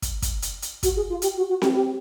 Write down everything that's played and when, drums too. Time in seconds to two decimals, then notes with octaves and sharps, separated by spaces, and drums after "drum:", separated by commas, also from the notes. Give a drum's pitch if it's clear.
0.02 drum: kick, hi-hat
0.22 drum: kick, hi-hat
0.42 drum: hi-hat
0.62 drum: hi-hat
0.83 F#4, drum: kick, hi-hat
0.96 G#4
1.09 F4
1.22 G4, drum: hi-hat
1.36 F#4
1.49 F#4
1.62 G4, drum: snare C4
1.75 G4